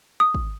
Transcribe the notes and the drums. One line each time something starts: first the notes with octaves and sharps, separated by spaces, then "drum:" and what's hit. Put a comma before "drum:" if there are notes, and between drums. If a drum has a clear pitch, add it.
D#6
drum: kick